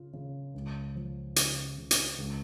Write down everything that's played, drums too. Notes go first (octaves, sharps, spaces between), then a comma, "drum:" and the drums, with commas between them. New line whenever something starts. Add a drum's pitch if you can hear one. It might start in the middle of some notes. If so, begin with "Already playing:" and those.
Already playing: C#3 F4
C#3
C#2
F3
C#3, drum: hi-hat
C#3
drum: hi-hat
C#2